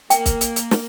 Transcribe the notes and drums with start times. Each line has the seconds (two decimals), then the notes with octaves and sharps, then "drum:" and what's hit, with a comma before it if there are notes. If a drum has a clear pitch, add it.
0.10 A#3 G5, drum: hi-hat
0.26 drum: kick, hi-hat
0.41 drum: hi-hat
0.56 drum: hi-hat
0.71 drum: snare